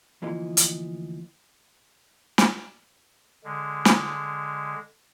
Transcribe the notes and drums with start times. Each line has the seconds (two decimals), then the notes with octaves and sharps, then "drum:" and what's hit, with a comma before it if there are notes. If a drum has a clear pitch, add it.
0.22 D2 E3 F3 A#3 D#5
0.57 drum: hi-hat
2.38 drum: snare
3.44 D3 G#3
3.85 drum: snare